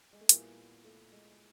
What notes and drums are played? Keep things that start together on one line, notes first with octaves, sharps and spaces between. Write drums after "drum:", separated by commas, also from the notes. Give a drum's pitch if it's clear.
G#3
A3
A#2 G3 A#3 B3 E4 G#4, drum: hi-hat
A3
G#3